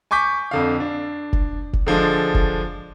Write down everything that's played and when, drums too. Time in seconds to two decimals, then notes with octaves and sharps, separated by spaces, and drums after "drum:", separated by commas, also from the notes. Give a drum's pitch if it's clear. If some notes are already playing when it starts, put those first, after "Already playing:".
0.11 G#5 C#6 D6 G6 B6
0.51 F2 D3 F5
0.80 D4
1.33 drum: kick F1
1.73 drum: kick F1
1.87 D3 F3 G#3 D4
2.34 drum: kick F1